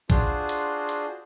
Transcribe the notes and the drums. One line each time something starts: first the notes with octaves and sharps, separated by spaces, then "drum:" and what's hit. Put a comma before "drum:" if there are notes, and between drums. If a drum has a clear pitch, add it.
D4 F4 F#4 G#4 C5, drum: kick A#1, hi-hat
drum: hi-hat
drum: hi-hat